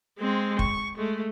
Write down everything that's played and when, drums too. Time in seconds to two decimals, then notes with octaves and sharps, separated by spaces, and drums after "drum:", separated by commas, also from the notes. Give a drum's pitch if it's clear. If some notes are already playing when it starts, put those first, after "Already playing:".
0.19 G#3 C4
0.59 C#6, drum: kick
0.98 G#3 A3